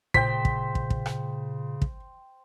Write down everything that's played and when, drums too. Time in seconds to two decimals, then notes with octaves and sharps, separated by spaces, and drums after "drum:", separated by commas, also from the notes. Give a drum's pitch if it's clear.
0.14 A#2 C#3 C5 G5 B6, drum: kick
0.45 drum: kick
0.75 drum: kick
0.90 drum: kick
1.06 drum: rim click
1.82 drum: kick